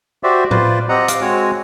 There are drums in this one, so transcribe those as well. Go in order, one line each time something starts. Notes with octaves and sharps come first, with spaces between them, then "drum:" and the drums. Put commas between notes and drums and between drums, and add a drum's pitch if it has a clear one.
F#4 G4 C5 D5 E5
F4 B4 C5 D5, drum: tom A2
C4 G4 D#5 F#5 A#5
F5 D6, drum: hi-hat
G#3 C4 F#4 C#5 G#5